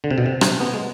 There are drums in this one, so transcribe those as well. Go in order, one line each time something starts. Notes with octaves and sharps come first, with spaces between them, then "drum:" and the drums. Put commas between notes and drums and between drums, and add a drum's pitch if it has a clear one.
D3
C3
B2
C3
drum: rim click
B3
G#3